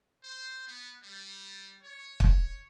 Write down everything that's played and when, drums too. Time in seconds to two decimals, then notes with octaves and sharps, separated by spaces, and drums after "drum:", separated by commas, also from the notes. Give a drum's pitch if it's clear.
0.23 C5
0.67 B3
1.03 G3
1.84 C#5
2.20 drum: kick